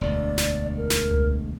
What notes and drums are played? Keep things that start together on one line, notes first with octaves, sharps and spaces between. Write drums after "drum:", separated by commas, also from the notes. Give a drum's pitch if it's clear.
E1 D2 D5
drum: snare
A#4
drum: snare
drum: tom C#2